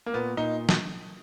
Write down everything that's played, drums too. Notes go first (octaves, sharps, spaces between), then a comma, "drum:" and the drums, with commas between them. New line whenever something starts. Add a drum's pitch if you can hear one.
A#3
A#2 B3
A#2 D#4
drum: snare